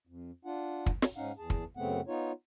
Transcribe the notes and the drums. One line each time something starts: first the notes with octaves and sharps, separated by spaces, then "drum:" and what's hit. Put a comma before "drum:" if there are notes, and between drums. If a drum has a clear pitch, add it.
F2
D4 F4 F#5
drum: kick
drum: snare
G#2 C#4 D#4 F5 F#5
E2 G#4 A5
drum: kick
F#2 C#3 A3 B3 C4 F#5
B3 D#4 F4 C#5